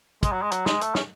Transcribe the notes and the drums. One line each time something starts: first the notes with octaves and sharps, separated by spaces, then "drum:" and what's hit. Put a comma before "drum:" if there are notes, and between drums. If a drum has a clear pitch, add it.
G#3, drum: kick, hi-hat
F#3
G#3
F#3, drum: hi-hat
G#3, drum: snare
A3, drum: hi-hat
C#4, drum: snare